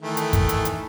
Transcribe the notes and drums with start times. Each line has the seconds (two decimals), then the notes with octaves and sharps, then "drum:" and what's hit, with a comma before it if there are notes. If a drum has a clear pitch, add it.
0.01 D#3 E3 A3
0.17 drum: hi-hat
0.33 drum: kick, hi-hat
0.49 drum: hi-hat
0.65 drum: hi-hat